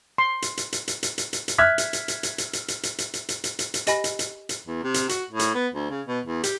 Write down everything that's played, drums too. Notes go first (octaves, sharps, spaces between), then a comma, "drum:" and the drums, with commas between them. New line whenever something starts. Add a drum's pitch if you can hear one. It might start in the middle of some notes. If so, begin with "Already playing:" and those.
C6
drum: hi-hat
drum: hi-hat
drum: hi-hat
drum: hi-hat
drum: hi-hat
drum: hi-hat
drum: hi-hat
drum: hi-hat
E5 F6 F#6 G#6 B6
drum: hi-hat
drum: hi-hat
drum: hi-hat
drum: hi-hat
drum: hi-hat
drum: hi-hat
drum: hi-hat
drum: hi-hat
drum: hi-hat
drum: hi-hat
drum: hi-hat
drum: hi-hat
drum: hi-hat
drum: hi-hat
G4 D#5 G#5 B5 A#6, drum: hi-hat
drum: hi-hat
drum: hi-hat
drum: hi-hat
E2
C3
drum: hi-hat
F#4, drum: hi-hat
A2
drum: hi-hat
B3
D2
C#3
B2
E2
G4, drum: hi-hat